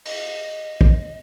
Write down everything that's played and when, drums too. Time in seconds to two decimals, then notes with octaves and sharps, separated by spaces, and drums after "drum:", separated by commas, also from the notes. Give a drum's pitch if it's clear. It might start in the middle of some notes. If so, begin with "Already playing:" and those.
0.06 D#5, drum: open hi-hat
0.81 drum: kick